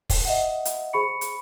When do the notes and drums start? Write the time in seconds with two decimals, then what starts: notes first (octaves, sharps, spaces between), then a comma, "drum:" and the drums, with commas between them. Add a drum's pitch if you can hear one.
0.10 drum: kick, open hi-hat
0.25 D#5 E5 F#5
0.65 drum: hi-hat
0.93 G#4 C5 B5 C#6 C#7
1.21 drum: hi-hat